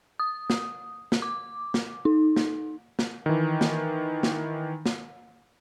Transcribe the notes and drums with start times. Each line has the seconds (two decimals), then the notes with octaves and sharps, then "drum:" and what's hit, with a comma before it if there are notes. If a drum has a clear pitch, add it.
0.20 D#6
0.50 drum: snare
1.12 drum: snare
1.22 D6
1.74 drum: snare
2.05 D#4
2.36 drum: snare
2.99 drum: snare
3.26 D#3 E3
3.61 drum: snare
4.23 drum: snare
4.86 drum: snare